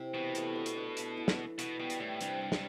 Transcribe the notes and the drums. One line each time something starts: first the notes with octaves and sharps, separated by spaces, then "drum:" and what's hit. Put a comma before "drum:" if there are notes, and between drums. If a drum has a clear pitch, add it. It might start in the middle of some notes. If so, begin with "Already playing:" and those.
Already playing: C3 E4
B2 E3
A3, drum: hi-hat
D4
drum: hi-hat
D4
E4, drum: hi-hat
E4
drum: snare
E3
B2 B3, drum: hi-hat
B2 G3
drum: hi-hat
A2 G3
G2 C3, drum: hi-hat
C3
drum: snare